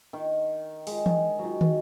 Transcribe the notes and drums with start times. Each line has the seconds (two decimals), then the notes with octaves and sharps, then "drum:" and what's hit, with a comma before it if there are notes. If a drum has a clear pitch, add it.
0.13 D#3
0.87 G#3, drum: open hi-hat
1.06 D#3, drum: tom E3
1.39 D#3 F#3
1.61 D#3, drum: tom